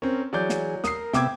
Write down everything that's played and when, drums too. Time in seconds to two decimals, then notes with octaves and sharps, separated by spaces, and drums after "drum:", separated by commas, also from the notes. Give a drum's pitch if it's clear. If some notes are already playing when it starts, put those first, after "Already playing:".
0.02 C4 C#4 A#4
0.33 E3 F#3 G#4 D5 G6
0.49 drum: snare
0.84 A#4 D#6 C7, drum: snare
1.13 C3 B3 E5 G5 D6 G#6, drum: snare